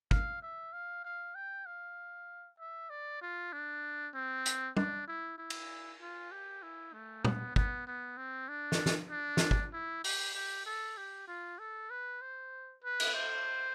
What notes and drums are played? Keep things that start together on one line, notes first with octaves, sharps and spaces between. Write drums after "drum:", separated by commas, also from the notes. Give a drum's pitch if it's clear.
F5, drum: kick
E5
F5
F5
G5
F5
E5
D5
F4
D4
C4
drum: hi-hat
D4, drum: tom
E4
E4
drum: cymbal
F4
G4
E4
A3
B3, drum: tom
B3, drum: kick
B3
C4
D4
drum: snare
drum: snare
D4
drum: snare
drum: kick
E4
G4, drum: open hi-hat
G4
A4
G4
F4
A4
B4
C5
B4
drum: cymbal
C5